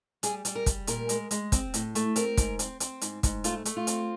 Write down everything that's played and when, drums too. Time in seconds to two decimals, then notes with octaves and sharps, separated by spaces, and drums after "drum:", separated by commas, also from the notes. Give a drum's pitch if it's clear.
0.23 G3 G#4, drum: hi-hat
0.45 G3, drum: hi-hat
0.55 A#4
0.66 G3, drum: kick, hi-hat
0.87 A#2 A#4, drum: hi-hat
1.09 G#3, drum: hi-hat
1.31 G#3, drum: hi-hat
1.52 C4, drum: kick, hi-hat
1.74 A2, drum: hi-hat
1.95 A3, drum: hi-hat
2.16 C4 A#4, drum: hi-hat
2.37 G#2, drum: kick, hi-hat
2.59 C4, drum: hi-hat
2.80 C4, drum: hi-hat
3.01 G#2, drum: hi-hat
3.23 G#2, drum: kick, hi-hat
3.44 A3 F4, drum: hi-hat
3.65 A3, drum: hi-hat
3.77 F4
3.87 C4, drum: hi-hat